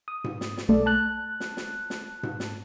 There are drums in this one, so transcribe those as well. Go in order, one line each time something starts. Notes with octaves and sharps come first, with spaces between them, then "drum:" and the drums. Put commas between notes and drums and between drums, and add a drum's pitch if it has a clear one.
D#6
drum: tom G#2
drum: snare
drum: snare
B1 A3 A4 D5
A5 F#6
drum: snare
drum: snare
drum: snare
drum: tom G#2
drum: snare